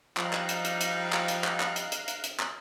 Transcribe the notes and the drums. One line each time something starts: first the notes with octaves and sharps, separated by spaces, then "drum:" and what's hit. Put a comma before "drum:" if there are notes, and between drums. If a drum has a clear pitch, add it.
F3 G3 D#4 F5 A#5 F#6, drum: clap
drum: clap
drum: hi-hat
drum: hi-hat
drum: hi-hat
drum: clap
drum: hi-hat
drum: clap
drum: clap
drum: hi-hat
drum: hi-hat
drum: hi-hat
drum: hi-hat
drum: clap